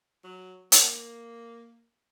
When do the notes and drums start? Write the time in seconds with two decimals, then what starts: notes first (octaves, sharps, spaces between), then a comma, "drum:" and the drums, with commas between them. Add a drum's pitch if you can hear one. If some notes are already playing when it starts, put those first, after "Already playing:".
0.24 F#3
0.72 A#3, drum: hi-hat